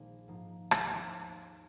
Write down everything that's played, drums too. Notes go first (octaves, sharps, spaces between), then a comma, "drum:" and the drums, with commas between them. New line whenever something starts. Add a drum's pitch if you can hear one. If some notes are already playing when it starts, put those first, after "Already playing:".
Already playing: A#1 A#2 D#3 G#3 D#4
G#2 F3 A#3 D#4
drum: rim click
D#2 D#3 C4 D#4